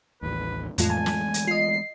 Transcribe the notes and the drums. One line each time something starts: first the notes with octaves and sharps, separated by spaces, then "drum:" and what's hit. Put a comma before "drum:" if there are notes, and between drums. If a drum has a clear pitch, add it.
A1 D#2 B4
F2 A2 E3 G#3 A3 F4, drum: hi-hat
G#5 A5
drum: snare
drum: hi-hat
F4 D#5 C7